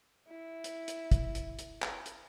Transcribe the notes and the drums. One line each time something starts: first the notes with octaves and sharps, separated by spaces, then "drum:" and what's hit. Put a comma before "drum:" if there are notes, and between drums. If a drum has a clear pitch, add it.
E4
drum: hi-hat
drum: hi-hat
drum: kick, hi-hat
drum: hi-hat
drum: hi-hat
drum: clap
drum: hi-hat